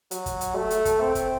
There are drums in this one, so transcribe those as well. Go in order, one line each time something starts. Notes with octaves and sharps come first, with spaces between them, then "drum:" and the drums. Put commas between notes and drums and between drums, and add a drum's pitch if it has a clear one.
F#3, drum: hi-hat
drum: kick, hi-hat
drum: hi-hat
A3
drum: hi-hat
drum: kick, hi-hat
C4
drum: kick, hi-hat